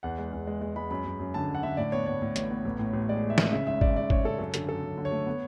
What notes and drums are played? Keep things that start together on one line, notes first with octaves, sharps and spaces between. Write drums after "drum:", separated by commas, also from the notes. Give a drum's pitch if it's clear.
E2 F#5
G#3
E2
G#3
G#3
G#3 B5
F#2 B5
F#2
F#2
D3 A5
F#2
F#5
D3 E5
A2 D5
B3 C#5
A2 C#5
A2
A1, drum: hi-hat
B3
A1
A2
A1
G#3 D5
G#3
E5
G#3, drum: snare
C#3 E5
G#1 E5
G#1 D5, drum: kick
C#3 D5
C#3 C#5, drum: kick
C#3 A4
F#2 A4
D3 A4, drum: hi-hat
F#2 A4
F#2
D3
C#5
A3
B3